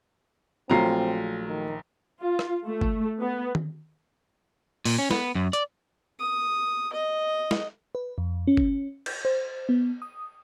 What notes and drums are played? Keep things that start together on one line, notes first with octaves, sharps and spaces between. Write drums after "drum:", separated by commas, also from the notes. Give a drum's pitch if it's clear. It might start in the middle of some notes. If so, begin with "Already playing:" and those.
A#1 F#3 A3 C4 F4 A#5 C7
D#3
F4
drum: rim click
A3
drum: kick G1
B3
drum: tom D#3
A#2, drum: open hi-hat
C#4
B3, drum: snare
F#2
D5, drum: hi-hat
D#6
D#5
drum: snare
B4
F2
C#4
drum: kick G1
G6, drum: cymbal
C5
B3
D#6